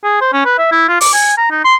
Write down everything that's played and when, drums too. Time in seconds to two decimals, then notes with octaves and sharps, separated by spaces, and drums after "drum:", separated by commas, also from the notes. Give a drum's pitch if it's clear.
0.04 G#4
0.21 C5
0.33 C#4
0.45 B4
0.58 E5
0.72 E4
0.89 F4
1.01 D6, drum: open hi-hat
1.13 G#5
1.37 A#5
1.51 D#4
1.64 C6